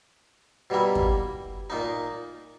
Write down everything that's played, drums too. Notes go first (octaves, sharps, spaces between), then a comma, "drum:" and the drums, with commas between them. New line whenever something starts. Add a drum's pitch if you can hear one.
B2 G3 A#3 E4
drum: kick
A#2 A#3 D#4